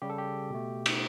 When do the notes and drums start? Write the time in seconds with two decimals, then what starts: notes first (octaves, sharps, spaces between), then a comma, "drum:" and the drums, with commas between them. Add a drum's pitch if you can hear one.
0.02 C#3 G3 G4
0.10 A4
0.18 G4
0.50 B2 A3
0.86 drum: cymbal